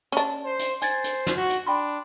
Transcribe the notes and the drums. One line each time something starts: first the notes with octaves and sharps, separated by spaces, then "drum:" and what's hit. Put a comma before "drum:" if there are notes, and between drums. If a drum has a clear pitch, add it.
C#4 D4
C5
drum: hi-hat
C5 G#5 G#6 A6, drum: hi-hat
drum: hi-hat
drum: snare
F#4
drum: hi-hat
D4 G5 B5 C6